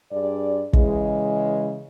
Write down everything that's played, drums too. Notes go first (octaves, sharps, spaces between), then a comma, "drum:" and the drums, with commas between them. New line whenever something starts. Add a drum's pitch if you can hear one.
G2 G#4 D5
C#3 E3 G#3, drum: kick